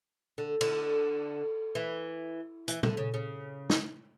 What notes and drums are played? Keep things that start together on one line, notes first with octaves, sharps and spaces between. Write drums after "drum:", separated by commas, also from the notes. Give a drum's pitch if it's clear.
D3
D3, drum: cymbal
E3
E3, drum: hi-hat
D3, drum: tom
C#3
C#3
drum: snare